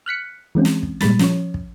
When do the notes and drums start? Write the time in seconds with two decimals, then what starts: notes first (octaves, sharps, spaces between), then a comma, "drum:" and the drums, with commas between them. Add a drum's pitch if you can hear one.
0.06 F6 F#6 B6 C#7
0.55 E3 G#3 C4 C#4
0.65 drum: snare
0.83 drum: kick
1.01 A#2 G3 G#3 B5 A6, drum: snare
1.19 F3 C#4 C#5, drum: snare
1.54 drum: kick